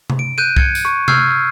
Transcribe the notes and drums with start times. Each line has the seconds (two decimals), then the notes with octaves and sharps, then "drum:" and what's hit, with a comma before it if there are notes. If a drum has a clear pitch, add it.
0.10 drum: tom C3
0.19 D7
0.38 F#6 G6 D#7
0.57 G#6 C#7, drum: kick C2
0.75 drum: tambourine
0.85 C#6
1.08 C#6 E6 F6 G6 G#6 C7, drum: tom C3